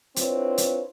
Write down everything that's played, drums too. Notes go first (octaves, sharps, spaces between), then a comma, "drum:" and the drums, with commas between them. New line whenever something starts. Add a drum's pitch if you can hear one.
C4 D4 E4 F4 B4 C#5, drum: hi-hat
drum: hi-hat